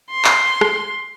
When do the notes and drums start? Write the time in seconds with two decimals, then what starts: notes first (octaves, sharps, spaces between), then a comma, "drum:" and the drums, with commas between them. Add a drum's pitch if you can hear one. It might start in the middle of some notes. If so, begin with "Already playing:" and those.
0.11 C6
0.25 drum: clap
0.61 drum: rim click